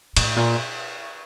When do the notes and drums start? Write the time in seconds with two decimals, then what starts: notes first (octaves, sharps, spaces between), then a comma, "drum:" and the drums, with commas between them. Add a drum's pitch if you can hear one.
0.17 A2, drum: cymbal
0.36 A#2